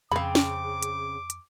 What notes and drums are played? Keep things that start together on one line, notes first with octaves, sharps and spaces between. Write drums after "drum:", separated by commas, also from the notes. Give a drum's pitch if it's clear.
F2 C#3 C4 F5 B5 D6
drum: snare
drum: hi-hat
drum: hi-hat